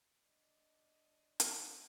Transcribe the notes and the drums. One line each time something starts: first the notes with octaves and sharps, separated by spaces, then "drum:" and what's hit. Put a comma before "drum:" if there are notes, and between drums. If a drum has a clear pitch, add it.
D4 D5 D#5
drum: hi-hat